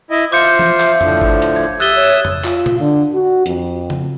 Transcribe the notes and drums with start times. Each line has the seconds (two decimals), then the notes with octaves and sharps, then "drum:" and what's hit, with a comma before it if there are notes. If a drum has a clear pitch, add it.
0.11 E4 D#5
0.32 F4 C5 E5 D6 G6 C#7
0.59 drum: tom E3
0.80 drum: clap
1.01 A2 D3 F3, drum: tom F2
1.21 drum: kick G1
1.42 drum: hi-hat
1.56 G#6
1.80 G4 E5 D#6 E6 F#6 A6 G7
1.96 C#5
2.25 drum: tom F2
2.44 F4, drum: clap
2.66 drum: tom A#2
2.80 D3
3.14 F#4
3.46 F2, drum: hi-hat
3.90 drum: tom C#3